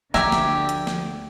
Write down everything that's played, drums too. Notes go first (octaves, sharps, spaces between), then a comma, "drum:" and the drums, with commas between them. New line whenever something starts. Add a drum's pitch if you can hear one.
D2 D3 F3 G4 E5 G#5 A#5, drum: snare
drum: snare
drum: hi-hat
drum: snare